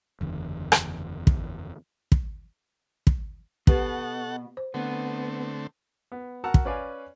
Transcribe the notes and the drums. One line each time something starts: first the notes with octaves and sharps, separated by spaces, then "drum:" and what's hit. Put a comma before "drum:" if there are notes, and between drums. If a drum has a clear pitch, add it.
F#1 E2 D3
drum: rim click
drum: kick
drum: kick
drum: kick
B2 G4 A4 B4 F#5, drum: kick
C5
D3 A3 B3 C4
B3
F#4 A#4 F#5 A5 A#5 E6
drum: kick
C#4 B4 D5 F5 G#5